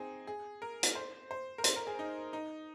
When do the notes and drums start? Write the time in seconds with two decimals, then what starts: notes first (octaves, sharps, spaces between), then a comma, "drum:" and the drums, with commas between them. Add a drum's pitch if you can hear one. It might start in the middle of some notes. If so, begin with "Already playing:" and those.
Already playing: C4 D#4 G#4
0.27 G#4
0.62 A#4
0.83 drum: hi-hat
0.95 C5
1.31 C5
1.58 A#4
1.64 C5, drum: hi-hat
1.76 A#4
1.87 G#4
1.99 D#4
2.33 D#4